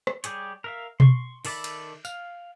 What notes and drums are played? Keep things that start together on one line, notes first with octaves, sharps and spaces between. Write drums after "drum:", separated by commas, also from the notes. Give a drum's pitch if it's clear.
drum: rim click
G3 G4 G#4 C#5, drum: hi-hat
A#4 E5 F5
C6 C#6, drum: tom B2
D#3 A4 D5 E5 B5, drum: open hi-hat
drum: cymbal
F5, drum: tambourine